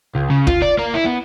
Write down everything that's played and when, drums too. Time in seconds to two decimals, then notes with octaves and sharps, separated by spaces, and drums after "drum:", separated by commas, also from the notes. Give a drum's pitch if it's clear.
0.15 C#2
0.30 C#3
0.47 F4, drum: kick
0.62 D5
0.79 A#3
0.94 E4
1.05 B3